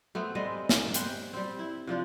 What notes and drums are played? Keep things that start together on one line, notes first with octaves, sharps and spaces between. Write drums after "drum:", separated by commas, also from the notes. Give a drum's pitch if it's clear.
A3 B3 C4
G3 G#3 C4 D#5
drum: snare
B4 C5 G5, drum: hi-hat
G3 C4
E4
C3 F3 D4 F4